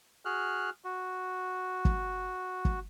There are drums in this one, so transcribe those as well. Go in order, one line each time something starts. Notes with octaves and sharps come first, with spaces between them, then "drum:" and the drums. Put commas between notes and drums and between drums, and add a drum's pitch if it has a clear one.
F#4 G#4 F6 F#6
F#4
drum: kick
drum: kick